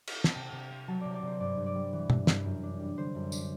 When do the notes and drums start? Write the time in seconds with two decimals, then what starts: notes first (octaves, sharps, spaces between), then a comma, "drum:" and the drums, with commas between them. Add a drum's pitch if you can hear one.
0.07 drum: cymbal
0.24 A5, drum: snare
0.35 C3 G5
0.52 C3
0.70 C4
0.88 F#3 A5
1.01 C3 D5
1.14 D5
1.23 C3 C5
1.40 G2 D5
1.58 G2
1.66 D5
1.75 G3
1.93 E3
2.10 G2, drum: tom
2.27 G2, drum: snare
2.44 F#2
2.63 D4
2.80 G3
2.97 D3 C5
3.15 F#2
3.32 D4, drum: tambourine